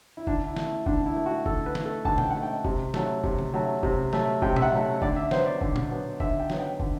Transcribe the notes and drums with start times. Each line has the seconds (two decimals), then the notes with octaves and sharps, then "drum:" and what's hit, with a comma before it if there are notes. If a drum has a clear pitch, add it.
0.17 E4
0.27 D3 D4, drum: kick
0.47 E4
0.57 A3, drum: snare
0.66 E4
0.86 D3 D4, drum: kick
1.06 E4
1.16 A3
1.26 F#4
1.46 D3 A4, drum: kick
1.66 B4
1.75 A3, drum: snare
1.86 A4
2.05 D3 A5, drum: kick
2.18 G5, drum: tom A#2
2.30 A3 F#5
2.43 G5
2.64 C3, drum: kick
2.94 F#3 A3, drum: snare
3.24 C3, drum: kick
3.39 drum: tom D3
3.54 F#3 A3
3.83 C3, drum: kick
4.13 F#3 A3, drum: snare
4.42 C3 G5, drum: kick
4.56 E5, drum: tom A#2
4.62 F#5
4.72 F#3 A3
5.02 D3 D5, drum: kick
5.16 E5
5.31 F#3 B3 C5, drum: snare
5.46 D5
5.61 D3, drum: kick
5.76 drum: tom A#2
5.91 F#3 B3
6.20 D3 E5, drum: kick
6.40 G5
6.50 F#3 B3, drum: snare
6.59 G5
6.80 D3, drum: kick